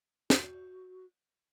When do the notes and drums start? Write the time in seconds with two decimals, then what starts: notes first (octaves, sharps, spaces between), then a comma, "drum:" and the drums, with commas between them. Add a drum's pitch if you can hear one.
0.30 F#4, drum: snare